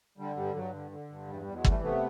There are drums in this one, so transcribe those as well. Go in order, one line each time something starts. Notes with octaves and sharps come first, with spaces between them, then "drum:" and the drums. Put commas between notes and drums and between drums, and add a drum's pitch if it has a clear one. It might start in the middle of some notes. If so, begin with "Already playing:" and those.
D3 G3
G2 G3
G2 F#3
D3
D3
G2
E2 G3
E2 G3
F#3 G#3
E3 G3 A3, drum: kick
C3 A3 B3